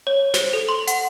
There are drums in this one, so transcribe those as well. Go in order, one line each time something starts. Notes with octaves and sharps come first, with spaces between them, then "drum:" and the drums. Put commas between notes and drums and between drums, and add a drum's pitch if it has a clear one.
C#5
C5, drum: snare
A4
C6
F#5, drum: hi-hat